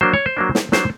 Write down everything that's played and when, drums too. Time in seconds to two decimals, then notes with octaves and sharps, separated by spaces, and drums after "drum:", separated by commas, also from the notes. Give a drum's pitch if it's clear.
0.01 F#3 A#3 D4 C5
0.13 C#5
0.26 C5
0.37 F#3 A#3 D4
0.55 drum: snare
0.72 F#3 A#3 D4 C5, drum: snare